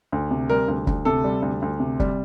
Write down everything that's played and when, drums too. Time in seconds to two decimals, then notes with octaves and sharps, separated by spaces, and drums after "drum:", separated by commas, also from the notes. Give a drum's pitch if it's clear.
0.12 D2
0.31 C3
0.49 G3 A#4
0.68 D2
0.87 D2, drum: kick
1.05 C3 A4
1.24 G3
1.42 D2
1.62 D2
1.80 C3
2.00 G3, drum: kick